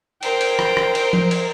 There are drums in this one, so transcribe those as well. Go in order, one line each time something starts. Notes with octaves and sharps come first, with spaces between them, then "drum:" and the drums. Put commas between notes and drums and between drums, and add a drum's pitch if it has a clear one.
A#4 C5 G5, drum: cymbal
drum: cymbal
drum: rim click
drum: rim click
drum: cymbal
drum: tom F3
drum: cymbal